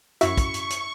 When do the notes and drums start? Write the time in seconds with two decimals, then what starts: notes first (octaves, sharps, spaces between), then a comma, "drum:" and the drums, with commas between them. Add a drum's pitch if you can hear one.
0.21 F#2 E4 F#4 C#6, drum: hi-hat
0.37 drum: kick, hi-hat
0.54 drum: hi-hat
0.70 drum: hi-hat